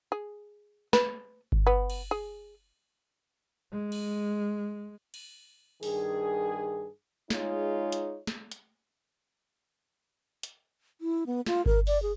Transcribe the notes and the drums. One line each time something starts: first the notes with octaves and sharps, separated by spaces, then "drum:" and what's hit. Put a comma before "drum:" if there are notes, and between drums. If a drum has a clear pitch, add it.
G#4
B4, drum: snare
drum: kick G1
B3
drum: cymbal
G#4
G#3
drum: cymbal
drum: cymbal
G2 D#3 G#4, drum: open hi-hat
G#3 D#4 F4 G#4 C#5, drum: snare
drum: hi-hat
drum: snare
drum: hi-hat
drum: hi-hat
E4
B3
F4, drum: snare
A#4, drum: kick G1
D5, drum: open hi-hat
G#4